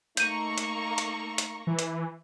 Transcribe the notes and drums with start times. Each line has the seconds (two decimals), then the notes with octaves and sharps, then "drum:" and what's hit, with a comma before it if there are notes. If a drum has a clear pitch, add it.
0.17 A3 A#3 D#4 A#5 C#6 G6 D#7, drum: hi-hat
0.58 drum: hi-hat
0.98 drum: hi-hat
1.38 drum: hi-hat
1.67 E3
1.79 drum: hi-hat